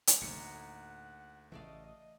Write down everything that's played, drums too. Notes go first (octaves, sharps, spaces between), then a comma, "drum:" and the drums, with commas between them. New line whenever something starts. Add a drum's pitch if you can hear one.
drum: hi-hat
G#1 D2 C3 F3 A#3 D#4 G#5 C#7
A2 F#5
A1 C#3 E3 A3 D5 D#5 F5
D#5